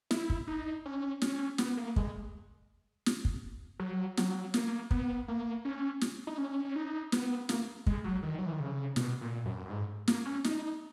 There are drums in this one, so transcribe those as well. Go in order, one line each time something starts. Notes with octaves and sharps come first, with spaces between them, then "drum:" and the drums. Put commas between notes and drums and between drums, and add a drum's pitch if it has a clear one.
E4, drum: snare
drum: kick
D#4
C#4
C#4, drum: snare
B3, drum: snare
A#3
G#3, drum: kick
drum: snare
drum: kick
F#3
F#3, drum: snare
A#3, drum: snare
B3, drum: kick
A#3
C#4
drum: snare
D#4
C#4
C#4
D#4
B3, drum: snare
A#3, drum: snare
G#3, drum: kick
F#3
D#3
F#3
E3
D#3
C#3
B2, drum: snare
A#2
F#2
F#2
G#2
A#3, drum: snare
C#4
D#4, drum: snare